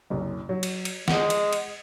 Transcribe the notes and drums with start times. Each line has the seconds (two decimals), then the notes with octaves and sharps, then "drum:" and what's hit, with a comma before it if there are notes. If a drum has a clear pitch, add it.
0.10 F#1 C2
0.49 F#3
0.63 drum: cymbal
0.85 drum: cymbal
1.08 G#3 F#5, drum: snare
1.30 drum: cymbal
1.53 drum: cymbal